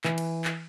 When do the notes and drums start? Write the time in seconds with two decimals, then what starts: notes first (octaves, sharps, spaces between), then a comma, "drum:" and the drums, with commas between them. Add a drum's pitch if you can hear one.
0.04 E3, drum: clap
0.18 drum: cymbal
0.45 drum: clap